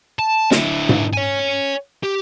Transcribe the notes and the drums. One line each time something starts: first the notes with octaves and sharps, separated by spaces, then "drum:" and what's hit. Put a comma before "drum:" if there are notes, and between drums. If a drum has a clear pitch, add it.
A5
D3 E4, drum: snare
drum: tom G#2
C#5 G#5
G4